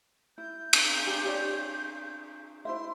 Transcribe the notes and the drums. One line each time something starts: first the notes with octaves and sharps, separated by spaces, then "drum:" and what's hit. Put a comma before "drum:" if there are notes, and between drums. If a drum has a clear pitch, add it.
E4 G6
drum: cymbal
D4 G4 G#5
G4 C#5 D5
E4 C5 E5 C6